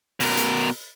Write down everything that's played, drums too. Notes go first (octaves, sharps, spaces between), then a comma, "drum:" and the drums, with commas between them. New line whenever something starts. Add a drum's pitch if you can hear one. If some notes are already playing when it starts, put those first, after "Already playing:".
B2 A#4, drum: open hi-hat
drum: hi-hat